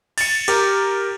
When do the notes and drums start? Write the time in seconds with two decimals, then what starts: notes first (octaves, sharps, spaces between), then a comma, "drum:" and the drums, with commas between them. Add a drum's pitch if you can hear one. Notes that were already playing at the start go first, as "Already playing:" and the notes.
0.18 A6 C#7, drum: cymbal
0.48 G4 A#4, drum: cymbal